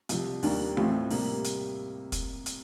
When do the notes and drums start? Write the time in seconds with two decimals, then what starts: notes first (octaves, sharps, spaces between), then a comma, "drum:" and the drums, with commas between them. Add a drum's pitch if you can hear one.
0.09 C2 C3 F3, drum: hi-hat
0.43 D#2 D#3 G3 A#3 D4, drum: open hi-hat
0.77 A1 A2 A3 C4 F4, drum: tom E3
1.10 C3 G3 A#3, drum: open hi-hat
1.45 drum: hi-hat
2.12 drum: kick, hi-hat
2.46 drum: hi-hat